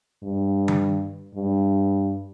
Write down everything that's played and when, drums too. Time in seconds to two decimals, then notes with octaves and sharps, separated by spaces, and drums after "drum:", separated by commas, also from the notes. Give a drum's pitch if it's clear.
0.23 G2
0.68 drum: tom D#3
1.35 G2